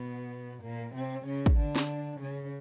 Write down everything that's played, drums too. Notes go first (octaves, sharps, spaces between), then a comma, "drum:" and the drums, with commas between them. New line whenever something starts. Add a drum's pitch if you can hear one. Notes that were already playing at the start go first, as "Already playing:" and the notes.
Already playing: B2 B3
A#2 A#3
C3 C4
C#3 C#4
drum: kick
D3 D4
drum: snare
C#3 C#4